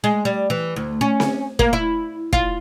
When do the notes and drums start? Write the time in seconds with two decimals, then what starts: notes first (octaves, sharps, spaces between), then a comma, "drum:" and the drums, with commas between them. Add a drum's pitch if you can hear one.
0.04 G#3
0.25 G3
0.50 E3
0.76 D2
1.01 C#4
1.20 drum: snare C4
1.59 A#3, drum: kick
1.73 E4
2.33 F4, drum: kick